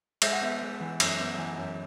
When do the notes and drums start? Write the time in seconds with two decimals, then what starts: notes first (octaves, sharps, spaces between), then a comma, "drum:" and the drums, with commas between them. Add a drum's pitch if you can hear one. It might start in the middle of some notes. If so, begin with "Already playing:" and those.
0.22 G#3 E5, drum: cymbal
0.33 F#5
0.41 B3 E5
0.62 G#3
0.80 E3
1.00 F#2, drum: cymbal
1.19 B3
1.38 E3
1.57 F#2